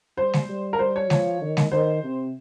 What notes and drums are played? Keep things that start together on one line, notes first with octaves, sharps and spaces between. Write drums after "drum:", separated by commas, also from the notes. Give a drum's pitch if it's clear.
G3 C5
drum: snare G#3
G3
A#4
G3 C5
C#5
F3 C#5, drum: snare G#3
D#3
drum: snare G#3
D#3 C5
C3